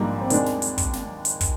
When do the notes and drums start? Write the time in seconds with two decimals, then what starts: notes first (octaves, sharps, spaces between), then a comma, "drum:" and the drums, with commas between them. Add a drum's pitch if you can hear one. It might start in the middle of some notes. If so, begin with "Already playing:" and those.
Already playing: A#1 G#2 G3 A#3 D4
0.21 C4
0.30 D#2 D#3 G#3 D4, drum: hi-hat
0.46 drum: snare
0.62 drum: hi-hat
0.78 drum: kick, hi-hat
0.93 drum: snare
1.25 drum: hi-hat
1.41 drum: kick, hi-hat